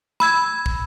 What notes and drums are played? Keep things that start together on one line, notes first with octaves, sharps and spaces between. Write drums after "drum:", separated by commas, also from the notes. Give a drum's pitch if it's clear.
B5 E6 G#6, drum: snare
drum: kick